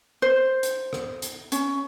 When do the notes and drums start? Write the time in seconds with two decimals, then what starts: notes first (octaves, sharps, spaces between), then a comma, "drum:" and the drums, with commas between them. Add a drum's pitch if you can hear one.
0.22 C5
0.63 drum: hi-hat
0.93 drum: rim click
1.22 drum: hi-hat
1.52 C#4, drum: hi-hat